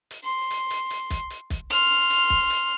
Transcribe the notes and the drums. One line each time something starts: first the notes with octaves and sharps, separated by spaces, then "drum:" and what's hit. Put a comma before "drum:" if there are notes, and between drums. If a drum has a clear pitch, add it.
drum: hi-hat
C6
drum: hi-hat
drum: hi-hat
drum: hi-hat
drum: kick, hi-hat
drum: hi-hat
drum: kick, hi-hat
C6 F6, drum: hi-hat
drum: hi-hat
drum: kick
drum: hi-hat